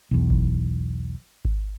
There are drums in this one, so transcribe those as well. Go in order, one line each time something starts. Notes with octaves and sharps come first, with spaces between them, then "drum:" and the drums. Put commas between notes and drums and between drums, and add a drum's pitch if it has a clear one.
B1 E2
drum: kick G#1
drum: kick G#1